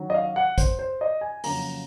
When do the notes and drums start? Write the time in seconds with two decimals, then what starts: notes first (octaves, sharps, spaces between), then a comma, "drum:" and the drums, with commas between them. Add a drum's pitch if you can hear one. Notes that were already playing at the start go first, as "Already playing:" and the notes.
Already playing: D#3 F#3 C#4
0.10 D#5
0.14 F5
0.36 F#5
0.58 C5, drum: kick, hi-hat
0.79 C5
1.01 D#5
1.21 G#5
1.44 F2 C#3 F#3 A#3 A#5, drum: open hi-hat